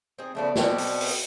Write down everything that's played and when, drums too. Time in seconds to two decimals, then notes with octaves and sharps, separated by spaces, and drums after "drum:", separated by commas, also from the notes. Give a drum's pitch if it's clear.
0.18 C4 D#4 G#4
0.35 C#3 F3 A3 B3 D5 A5
0.56 B2 B3 C4 A4 D5 G#5, drum: snare
0.78 drum: open hi-hat
1.01 drum: open hi-hat